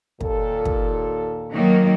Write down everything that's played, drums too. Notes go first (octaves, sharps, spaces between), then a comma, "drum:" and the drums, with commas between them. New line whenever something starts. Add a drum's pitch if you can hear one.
D#2 A#2 A4, drum: kick
drum: kick
D#3 F#3 A#3